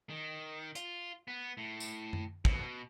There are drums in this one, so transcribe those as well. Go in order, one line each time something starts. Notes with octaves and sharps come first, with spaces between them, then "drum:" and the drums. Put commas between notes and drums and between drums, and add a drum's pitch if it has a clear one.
D#3
F4, drum: hi-hat
B3
A2
drum: tambourine
drum: tom F#2
B2, drum: kick